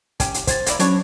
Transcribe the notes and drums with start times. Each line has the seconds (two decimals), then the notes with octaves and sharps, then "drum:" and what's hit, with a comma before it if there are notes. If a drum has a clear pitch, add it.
0.20 C#4 G4, drum: kick, hi-hat
0.34 drum: hi-hat
0.47 C5 G#6 A6, drum: kick, hi-hat
0.66 A#3 E4 D5, drum: hi-hat
0.79 F#3 C#4 D4 E4 C#5, drum: hi-hat